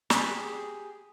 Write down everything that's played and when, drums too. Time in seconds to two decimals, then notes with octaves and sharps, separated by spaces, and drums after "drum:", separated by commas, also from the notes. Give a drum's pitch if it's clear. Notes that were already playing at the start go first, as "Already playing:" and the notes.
0.10 G4 G#4, drum: snare